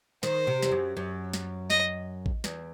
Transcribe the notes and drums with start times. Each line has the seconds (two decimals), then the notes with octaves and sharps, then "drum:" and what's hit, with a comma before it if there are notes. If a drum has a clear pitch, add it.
0.23 D#3 C5, drum: snare
0.47 C3
0.62 E2, drum: snare
0.71 F#2
0.97 F#2
1.34 drum: snare
1.70 D#5, drum: snare
2.26 drum: kick A1
2.44 E2, drum: snare